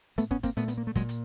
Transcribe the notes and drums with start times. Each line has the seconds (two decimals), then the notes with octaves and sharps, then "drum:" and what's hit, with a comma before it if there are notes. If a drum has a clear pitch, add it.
0.18 A2 A3 B3, drum: hi-hat
0.31 B3 C#4, drum: kick
0.43 A#3 C4, drum: kick, hi-hat
0.57 A#2 A3 B3, drum: hi-hat
0.68 B3, drum: hi-hat
0.78 A#3
0.87 A3
0.95 A#2 F#3 G#3, drum: kick, hi-hat
1.09 drum: hi-hat